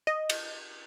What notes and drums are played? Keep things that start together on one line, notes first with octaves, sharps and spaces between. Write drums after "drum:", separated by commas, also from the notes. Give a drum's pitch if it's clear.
D#5
drum: cymbal